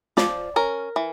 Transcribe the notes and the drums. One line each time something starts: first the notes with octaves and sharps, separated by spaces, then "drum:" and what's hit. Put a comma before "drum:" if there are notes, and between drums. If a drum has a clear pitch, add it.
F3 D5, drum: snare
C#4 A#4
E3